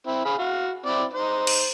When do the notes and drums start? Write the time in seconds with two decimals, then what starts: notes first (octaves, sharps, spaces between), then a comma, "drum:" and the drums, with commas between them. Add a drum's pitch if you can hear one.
0.07 C4 E4
0.25 G#4 F5 B5
0.38 F#4 F5
0.86 C4 E4 D5
1.14 D#4 C5
1.47 drum: cymbal